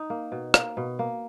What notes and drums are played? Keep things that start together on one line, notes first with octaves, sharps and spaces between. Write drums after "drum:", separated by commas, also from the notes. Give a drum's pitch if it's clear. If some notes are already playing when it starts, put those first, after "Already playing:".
Already playing: D#4
A#3
B2
A#3, drum: rim click
B2
A#3